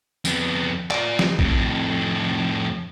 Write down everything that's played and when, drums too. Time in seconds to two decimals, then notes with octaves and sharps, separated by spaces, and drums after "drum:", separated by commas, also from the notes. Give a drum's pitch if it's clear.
0.25 F2 B3, drum: tambourine
0.91 F4 D5, drum: clap
1.19 drum: snare
1.39 F2 A2, drum: kick A#1